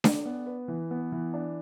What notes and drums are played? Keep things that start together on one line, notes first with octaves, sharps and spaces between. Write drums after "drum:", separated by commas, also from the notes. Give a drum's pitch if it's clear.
D4, drum: snare D4
B3
B4
E3
B3
E3
D4